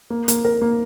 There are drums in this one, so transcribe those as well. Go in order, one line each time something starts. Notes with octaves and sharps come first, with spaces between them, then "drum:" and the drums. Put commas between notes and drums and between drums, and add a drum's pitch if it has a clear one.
A#3
A#3, drum: hi-hat
A#4
A#3